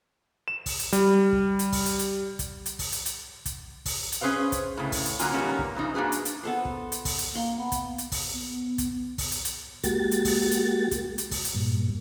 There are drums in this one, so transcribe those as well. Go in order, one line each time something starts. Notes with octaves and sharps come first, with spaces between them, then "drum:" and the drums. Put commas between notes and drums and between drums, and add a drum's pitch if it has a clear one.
E7
drum: kick, open hi-hat
drum: hi-hat
G3, drum: hi-hat
drum: kick
drum: hi-hat
drum: kick, open hi-hat
drum: hi-hat
drum: hi-hat
drum: kick, hi-hat
drum: hi-hat
drum: kick, open hi-hat
drum: hi-hat
drum: hi-hat
drum: kick, hi-hat
drum: kick, open hi-hat
drum: hi-hat
C#4 G#4 B4 C5 F5
drum: kick, hi-hat
A2 C#3
drum: kick, open hi-hat
drum: hi-hat
D3 F#3 A#3 C#4 F4 G#5, drum: hi-hat
G#2 D#3 G3 A#3 B3 C#4
drum: kick
G2 C#3 F3 D#4
A#3 D4 F#4 G#4 B4
drum: hi-hat
drum: hi-hat
B3 A4 C5
drum: kick
drum: hi-hat
drum: kick, open hi-hat
drum: hi-hat
A#3 C6
B3
drum: kick, hi-hat
drum: hi-hat
drum: kick, open hi-hat
B3
drum: kick, hi-hat
drum: kick, open hi-hat
drum: hi-hat
drum: hi-hat
G#3 A#3 F#4 G4 A6, drum: kick, hi-hat
drum: hi-hat
drum: kick, open hi-hat
drum: hi-hat
drum: kick, hi-hat
drum: hi-hat
drum: kick, open hi-hat
drum: hi-hat
G2 A#2